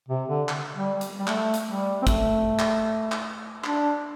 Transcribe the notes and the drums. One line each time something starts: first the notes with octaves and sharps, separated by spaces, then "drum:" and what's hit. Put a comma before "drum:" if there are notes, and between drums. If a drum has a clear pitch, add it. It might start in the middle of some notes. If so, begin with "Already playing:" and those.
C3
D3
drum: clap
G3
drum: hi-hat
G3
A3, drum: clap
drum: hi-hat
G3
C4
A3, drum: kick, hi-hat
drum: clap
drum: clap
D4, drum: clap